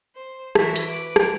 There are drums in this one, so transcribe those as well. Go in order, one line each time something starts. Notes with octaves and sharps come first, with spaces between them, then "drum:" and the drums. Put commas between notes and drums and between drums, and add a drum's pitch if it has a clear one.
C5
E3 E4 F#4 A#4 C5, drum: rim click
drum: hi-hat
B4 D6
drum: rim click